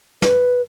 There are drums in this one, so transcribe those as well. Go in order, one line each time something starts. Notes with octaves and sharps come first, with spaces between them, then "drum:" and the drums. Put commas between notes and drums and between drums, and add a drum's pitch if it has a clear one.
B4, drum: snare